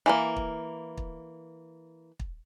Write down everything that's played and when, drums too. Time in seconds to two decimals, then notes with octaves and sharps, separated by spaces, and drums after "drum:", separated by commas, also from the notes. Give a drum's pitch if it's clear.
0.06 E3 A3 A#3
0.36 drum: kick
0.97 drum: kick
2.20 drum: kick